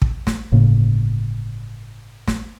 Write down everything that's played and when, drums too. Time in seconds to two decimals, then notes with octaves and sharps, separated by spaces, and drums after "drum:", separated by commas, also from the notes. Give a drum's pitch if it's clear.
0.02 drum: kick
0.27 drum: snare
0.52 G1 A2 C#3 A#3
2.27 drum: snare